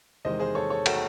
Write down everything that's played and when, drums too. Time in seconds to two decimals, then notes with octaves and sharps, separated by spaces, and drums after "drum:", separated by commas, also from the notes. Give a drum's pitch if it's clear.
0.25 E2 C3 D#3 G#3 C5 D#5
0.40 G#4 C5
0.55 A4 C#5
0.70 A4 C#5
0.86 F#4 A4, drum: cymbal